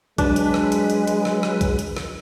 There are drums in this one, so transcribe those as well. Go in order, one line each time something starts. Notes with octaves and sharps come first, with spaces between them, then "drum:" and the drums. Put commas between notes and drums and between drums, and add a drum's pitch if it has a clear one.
F#3 G#3 D4 B4, drum: kick, hi-hat
drum: hi-hat
drum: rim click
drum: hi-hat
drum: hi-hat
drum: hi-hat
drum: rim click
drum: rim click
drum: kick, hi-hat
drum: hi-hat
drum: rim click